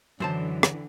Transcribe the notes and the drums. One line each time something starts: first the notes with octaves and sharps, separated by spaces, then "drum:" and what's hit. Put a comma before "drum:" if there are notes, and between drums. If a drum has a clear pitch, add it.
F#2 D3 E3 C5 A5
drum: rim click